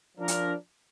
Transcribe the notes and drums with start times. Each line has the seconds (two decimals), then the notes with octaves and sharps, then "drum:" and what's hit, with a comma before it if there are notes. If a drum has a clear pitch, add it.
0.18 F3 D4 A#4
0.28 drum: hi-hat